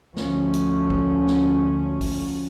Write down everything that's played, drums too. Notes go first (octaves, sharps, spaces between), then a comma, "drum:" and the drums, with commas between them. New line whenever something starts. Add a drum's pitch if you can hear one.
D2 F3 A3 C#4, drum: snare A3
drum: hi-hat
drum: kick
drum: snare A3
drum: kick, open hi-hat